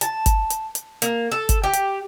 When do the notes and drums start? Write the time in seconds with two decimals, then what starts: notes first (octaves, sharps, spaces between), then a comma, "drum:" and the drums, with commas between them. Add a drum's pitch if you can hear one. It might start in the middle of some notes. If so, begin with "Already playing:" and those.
0.01 A5, drum: hi-hat
0.26 drum: kick G1, hi-hat
0.51 drum: hi-hat
0.75 drum: hi-hat
1.02 A#3, drum: hi-hat
1.32 A4
1.49 drum: kick G1, hi-hat
1.63 G4
1.74 drum: hi-hat